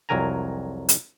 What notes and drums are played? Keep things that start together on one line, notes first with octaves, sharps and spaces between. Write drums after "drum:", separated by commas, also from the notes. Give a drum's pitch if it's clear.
C2 F2 F#3 A#4 G#5 A#5
drum: hi-hat